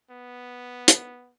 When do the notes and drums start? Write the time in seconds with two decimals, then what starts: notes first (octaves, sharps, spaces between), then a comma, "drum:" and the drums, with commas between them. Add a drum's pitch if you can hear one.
0.10 B3
0.88 drum: hi-hat